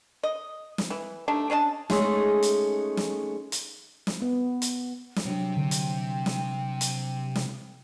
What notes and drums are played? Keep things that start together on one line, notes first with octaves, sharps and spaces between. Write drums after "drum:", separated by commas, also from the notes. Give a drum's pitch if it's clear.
D#5
drum: snare
E3
G3 A3 D4 D#4
C#4 D4 D#5 A5
G#3 A3 C#4 D#4 G#4, drum: snare
drum: hi-hat
drum: snare
drum: hi-hat
drum: snare
B3
drum: hi-hat
drum: snare
C3 F#3 D4 G5
D3
drum: hi-hat
drum: snare
drum: hi-hat
drum: snare